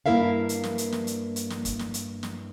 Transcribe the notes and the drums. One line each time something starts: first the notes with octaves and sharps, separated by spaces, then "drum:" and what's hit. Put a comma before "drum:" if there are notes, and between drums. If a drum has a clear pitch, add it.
G2 A#3 E4 A#4 E5 F5
drum: hi-hat
drum: snare
drum: hi-hat
drum: snare
drum: hi-hat
drum: hi-hat
drum: snare
drum: kick, hi-hat
drum: snare
drum: hi-hat
drum: snare